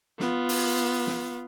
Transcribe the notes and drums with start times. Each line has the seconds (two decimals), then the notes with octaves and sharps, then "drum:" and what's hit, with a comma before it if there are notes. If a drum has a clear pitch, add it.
0.20 B3 F4, drum: snare
0.49 drum: open hi-hat
1.07 drum: snare